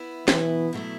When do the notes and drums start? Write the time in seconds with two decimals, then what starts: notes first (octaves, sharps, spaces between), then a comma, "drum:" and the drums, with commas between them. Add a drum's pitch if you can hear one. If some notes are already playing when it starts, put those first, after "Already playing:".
Already playing: B3 E4
0.28 B2 E3 F#3 B3 E4, drum: snare
0.73 B2 F#3 A3 E4